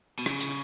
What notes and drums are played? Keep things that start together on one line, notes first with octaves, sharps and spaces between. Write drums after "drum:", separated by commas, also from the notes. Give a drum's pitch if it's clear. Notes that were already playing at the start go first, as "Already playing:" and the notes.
B2
C#3, drum: rim click
drum: hi-hat